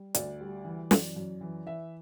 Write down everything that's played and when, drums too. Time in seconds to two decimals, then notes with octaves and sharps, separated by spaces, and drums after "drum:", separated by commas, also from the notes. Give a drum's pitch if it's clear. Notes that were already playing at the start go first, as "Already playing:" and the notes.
Already playing: G3
0.15 D2 D5, drum: hi-hat
0.41 G3
0.65 E3
0.91 F#2, drum: snare
1.16 F#2
1.41 E3
1.66 E3 E5